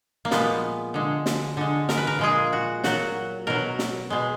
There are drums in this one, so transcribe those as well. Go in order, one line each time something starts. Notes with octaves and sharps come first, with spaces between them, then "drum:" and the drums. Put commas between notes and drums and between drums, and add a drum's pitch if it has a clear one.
A#3
A#2 F3 G#3 B3, drum: snare
D3 G#3
drum: snare
D3 G#3
A#4, drum: snare
B4
A#4
A#2 F3 G#3 G#4
F#4
A#2 F#3 F#4, drum: snare
B2 F#3 A#4
drum: snare
B2 G#3